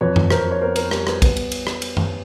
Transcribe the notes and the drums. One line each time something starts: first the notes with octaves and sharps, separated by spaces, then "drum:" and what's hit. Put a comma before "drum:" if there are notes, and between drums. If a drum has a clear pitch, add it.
F2 B4 C#5
drum: tom F#2
F2 A#4 C5, drum: rim click
C#5
B3 A#4 C5
A#4, drum: cymbal
G3 A#4, drum: rim click
B4, drum: rim click
B3, drum: kick A#1, cymbal
drum: cymbal
drum: cymbal
drum: rim click
drum: cymbal
drum: tom F#2